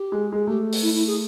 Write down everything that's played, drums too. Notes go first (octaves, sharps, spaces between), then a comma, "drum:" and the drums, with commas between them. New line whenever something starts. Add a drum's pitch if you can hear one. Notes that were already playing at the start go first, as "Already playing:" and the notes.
Already playing: G4
G#3
G#3
A3 G4
drum: open hi-hat
E4
E4
G#4